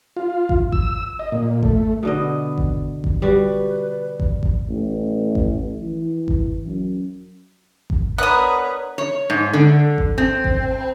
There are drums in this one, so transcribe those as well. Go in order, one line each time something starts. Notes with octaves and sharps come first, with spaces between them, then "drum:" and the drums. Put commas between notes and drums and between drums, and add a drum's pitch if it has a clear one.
F4
drum: kick G#1
E6, drum: kick G#1
D#5
A#2
A3, drum: kick G#1
B2 D3 B3 D#5
drum: kick G#1
drum: kick G#1
G3 F#4 B4
drum: kick G#1
drum: kick G#1
A1
drum: kick G#1
E3
drum: kick G#1
F#2
drum: kick G#1
B3 D4 A#4 B4 C#5 A#5 D#6 F#6
C#5
G#2
D3
drum: kick G#1
C4
drum: kick G#1